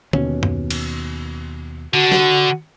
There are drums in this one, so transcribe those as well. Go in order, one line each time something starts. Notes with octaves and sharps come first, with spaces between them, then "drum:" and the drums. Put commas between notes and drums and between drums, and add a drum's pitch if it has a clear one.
D#2 B2 C#4, drum: tom D3
drum: tom F#2
drum: cymbal
D3 F#4
drum: snare